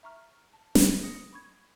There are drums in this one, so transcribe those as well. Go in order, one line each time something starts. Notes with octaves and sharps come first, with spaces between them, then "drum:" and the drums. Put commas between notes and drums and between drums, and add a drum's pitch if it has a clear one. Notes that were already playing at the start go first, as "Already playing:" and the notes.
E5 A#5 C#6 F6
A5
drum: snare
D#6 A#6 C#7
B5 C#6 G#6